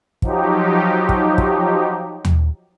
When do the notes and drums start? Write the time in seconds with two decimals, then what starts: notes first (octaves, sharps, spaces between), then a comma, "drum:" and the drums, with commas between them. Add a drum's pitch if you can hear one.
0.22 F3 F#3 D#4 G4, drum: kick
1.09 drum: kick
1.38 drum: kick
2.25 drum: tom D#2